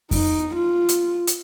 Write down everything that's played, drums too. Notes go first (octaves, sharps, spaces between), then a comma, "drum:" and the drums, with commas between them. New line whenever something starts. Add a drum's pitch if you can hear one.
D#4, drum: kick F2, open hi-hat
F4
drum: hi-hat
drum: hi-hat